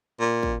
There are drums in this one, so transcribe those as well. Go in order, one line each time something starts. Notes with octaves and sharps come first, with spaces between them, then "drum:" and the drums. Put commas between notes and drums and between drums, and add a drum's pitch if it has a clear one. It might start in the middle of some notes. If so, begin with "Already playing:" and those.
A#2
drum: kick